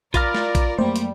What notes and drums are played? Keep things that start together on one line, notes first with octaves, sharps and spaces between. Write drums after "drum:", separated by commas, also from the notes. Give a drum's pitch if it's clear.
F4 A#4 D5 F5 B5 F6 A6 A#6, drum: kick A#1, hi-hat
drum: snare
drum: kick A#1, hi-hat
F#2 G3 A3 A#3 C5 D5
drum: hi-hat